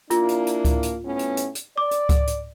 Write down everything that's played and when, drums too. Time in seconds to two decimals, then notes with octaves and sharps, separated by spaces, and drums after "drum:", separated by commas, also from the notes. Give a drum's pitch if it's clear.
0.10 A#3 D4 E4 F4, drum: hi-hat
0.28 drum: hi-hat
0.47 drum: hi-hat
0.65 drum: kick C#2, hi-hat
0.83 drum: hi-hat
1.05 A2 B3 C#4
1.19 drum: hi-hat
1.37 drum: hi-hat
1.55 drum: hi-hat
1.78 D5 D6
1.91 drum: hi-hat
2.09 drum: kick C#2, hi-hat
2.27 drum: hi-hat